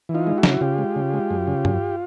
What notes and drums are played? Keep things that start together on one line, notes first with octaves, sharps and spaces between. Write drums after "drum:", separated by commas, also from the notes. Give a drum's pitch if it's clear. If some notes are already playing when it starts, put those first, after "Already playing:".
E3
D#4 F4
G#3
E4 F#4
C#3, drum: snare
C#3 F4 G4
G#3
C#3
G#3
F#2
C#3
F#2, drum: tom G2